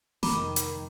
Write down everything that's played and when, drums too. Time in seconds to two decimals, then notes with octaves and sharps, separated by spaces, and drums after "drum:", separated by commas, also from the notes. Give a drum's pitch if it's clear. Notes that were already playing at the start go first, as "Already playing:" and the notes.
0.23 F1 D#3 A#5 B5 D6, drum: snare
0.56 drum: hi-hat